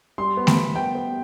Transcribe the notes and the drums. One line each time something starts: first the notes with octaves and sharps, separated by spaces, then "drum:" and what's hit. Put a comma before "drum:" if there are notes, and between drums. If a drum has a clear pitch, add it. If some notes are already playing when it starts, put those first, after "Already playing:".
G3 C6
B3
B5, drum: snare A3
B3
B3 G5
B3